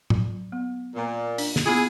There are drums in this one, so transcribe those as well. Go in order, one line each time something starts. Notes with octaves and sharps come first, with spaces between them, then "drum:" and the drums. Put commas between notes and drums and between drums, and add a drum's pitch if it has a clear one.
F#3, drum: tom
B3
A#2
D4, drum: open hi-hat
drum: snare
B3 E4 F4 G#4